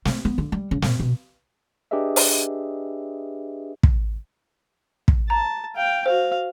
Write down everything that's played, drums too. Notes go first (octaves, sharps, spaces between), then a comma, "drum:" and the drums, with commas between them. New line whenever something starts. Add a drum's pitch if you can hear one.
A3, drum: snare
B3
D3
G3
C#3
A#2, drum: snare
B2
D4 G4 G#4 B4 D#5 E5
drum: open hi-hat
drum: kick
drum: kick
A5 A#5
F5 G5
F#4 C5 F5